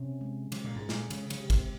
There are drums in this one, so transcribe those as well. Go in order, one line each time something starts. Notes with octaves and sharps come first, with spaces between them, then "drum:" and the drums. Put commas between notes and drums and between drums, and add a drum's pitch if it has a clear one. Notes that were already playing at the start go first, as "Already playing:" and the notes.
Already playing: C3 C#4
G#3
C3 G#3, drum: cymbal
A#2
G#2 G#4
A#2, drum: snare
C#3 G#3, drum: cymbal
C#3, drum: cymbal
G4
C3, drum: kick, cymbal